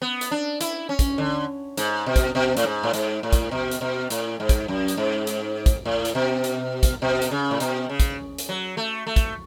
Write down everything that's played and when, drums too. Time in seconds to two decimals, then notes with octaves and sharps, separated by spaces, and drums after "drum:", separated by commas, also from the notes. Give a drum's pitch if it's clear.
0.02 B3
0.21 drum: hi-hat
0.31 D4
0.61 E4, drum: hi-hat
0.89 C#4
0.99 drum: kick, hi-hat
1.18 D3
1.77 G#2, drum: hi-hat
2.06 B2
2.16 drum: kick, hi-hat
2.35 B2
2.57 A2, drum: hi-hat
2.64 G#2
2.83 A2
2.93 G#2, drum: hi-hat
3.23 A2
3.33 drum: kick, hi-hat
3.51 B2
3.71 drum: hi-hat
3.81 B2
4.10 A2, drum: hi-hat
4.40 G#2
4.49 drum: kick, hi-hat
4.68 F#2
4.88 drum: hi-hat
4.97 G#2
5.27 drum: hi-hat
5.66 drum: kick, hi-hat
5.85 A2
6.05 drum: hi-hat
6.15 B2
6.44 drum: hi-hat
6.83 drum: kick, hi-hat
7.02 B2
7.22 drum: hi-hat
7.31 C#3
7.51 A2
7.60 B2, drum: hi-hat
7.89 C#3
8.00 drum: kick, hi-hat
8.39 drum: hi-hat
8.49 F#3
8.77 A3
9.07 A3
9.16 drum: kick, hi-hat